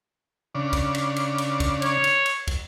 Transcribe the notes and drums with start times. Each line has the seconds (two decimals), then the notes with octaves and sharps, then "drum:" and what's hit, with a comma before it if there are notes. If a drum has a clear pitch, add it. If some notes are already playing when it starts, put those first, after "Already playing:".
0.55 C#3 D4
0.73 drum: kick, cymbal
0.95 drum: cymbal
1.16 drum: cymbal
1.38 drum: cymbal
1.60 drum: kick, cymbal
1.82 C#5, drum: cymbal
2.04 drum: cymbal
2.26 drum: cymbal
2.47 drum: kick, cymbal